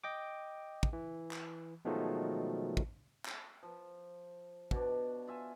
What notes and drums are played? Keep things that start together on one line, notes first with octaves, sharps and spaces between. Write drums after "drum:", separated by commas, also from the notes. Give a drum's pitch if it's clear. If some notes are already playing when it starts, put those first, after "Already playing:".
D#5 G5 D6
drum: kick
E3
drum: clap
B2 D#3 F3 F#3 G#3 A3
drum: kick
drum: clap
F3
B2 D4, drum: kick
F4 E5 G#5